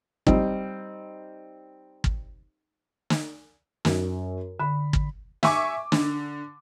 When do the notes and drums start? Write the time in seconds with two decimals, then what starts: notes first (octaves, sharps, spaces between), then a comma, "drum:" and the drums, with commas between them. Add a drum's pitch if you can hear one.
0.27 G3 C4 D#4, drum: kick
2.04 drum: kick
3.10 drum: snare
3.85 F#2, drum: snare
4.60 D3 B5
4.93 drum: kick
5.43 E5 G#5 C#6 D6, drum: snare
5.92 D3, drum: snare